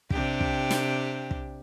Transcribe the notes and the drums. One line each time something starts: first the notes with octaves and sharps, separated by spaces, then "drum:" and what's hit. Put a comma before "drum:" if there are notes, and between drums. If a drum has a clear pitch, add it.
C3 D4 G4, drum: kick
drum: kick
drum: snare
drum: kick